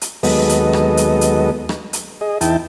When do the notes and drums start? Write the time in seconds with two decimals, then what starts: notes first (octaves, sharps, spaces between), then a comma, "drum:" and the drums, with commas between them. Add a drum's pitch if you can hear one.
0.01 drum: hi-hat
0.23 D#2 F#3 G#3 B3 A4 D#5, drum: open hi-hat
0.49 drum: hi-hat
0.73 drum: rim click
0.97 drum: hi-hat
1.21 drum: hi-hat
1.69 drum: rim click
1.93 drum: hi-hat
2.21 G#4 D#5
2.41 E2 D#4 E4 G5 A5, drum: hi-hat